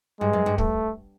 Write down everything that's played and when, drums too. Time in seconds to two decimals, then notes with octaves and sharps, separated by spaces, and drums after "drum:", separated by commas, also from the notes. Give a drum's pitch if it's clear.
0.21 G2 G#3
0.33 F#2
0.46 G2
0.58 A3, drum: kick